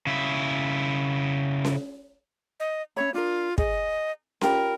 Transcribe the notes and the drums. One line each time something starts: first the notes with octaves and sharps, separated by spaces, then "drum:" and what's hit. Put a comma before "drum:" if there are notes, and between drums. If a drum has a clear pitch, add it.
C#3 E4
drum: snare C#4
D#5
C#4 C#5 E5 B5
D4 F4 A#4
G#4 D#5, drum: kick
F4 G4 A#4 B5, drum: snare C#4